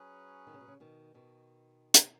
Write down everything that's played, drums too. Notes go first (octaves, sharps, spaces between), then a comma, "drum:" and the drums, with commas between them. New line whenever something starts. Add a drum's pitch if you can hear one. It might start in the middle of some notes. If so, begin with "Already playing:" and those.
Already playing: F#3 C#4 G#4 B4
D#3
C#3
B2
C#3
B2 D#3
B2 D#3
drum: hi-hat